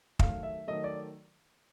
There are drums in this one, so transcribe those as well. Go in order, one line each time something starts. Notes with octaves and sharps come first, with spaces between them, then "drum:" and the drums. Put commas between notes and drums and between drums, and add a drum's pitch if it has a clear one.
D#3 F#3 A3 F5, drum: kick
E5
D#3 F#3 A3 D#5
D5